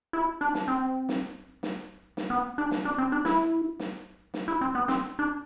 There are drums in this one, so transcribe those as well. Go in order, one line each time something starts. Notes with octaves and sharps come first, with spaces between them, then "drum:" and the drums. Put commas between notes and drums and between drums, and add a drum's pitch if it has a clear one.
E4
D4
drum: snare
C4
drum: snare
drum: snare
drum: snare
B3
D4
drum: snare
D4
C4
D4
E4, drum: snare
drum: snare
drum: snare
E4
C4
B3
C4, drum: snare
D4